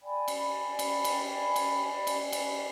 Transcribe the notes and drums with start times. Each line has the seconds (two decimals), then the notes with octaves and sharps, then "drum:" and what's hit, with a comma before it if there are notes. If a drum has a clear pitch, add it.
0.02 D5 G5 G#5 B5
0.28 drum: cymbal
0.79 drum: cymbal
1.04 drum: cymbal
1.56 drum: cymbal
2.07 drum: cymbal
2.32 drum: cymbal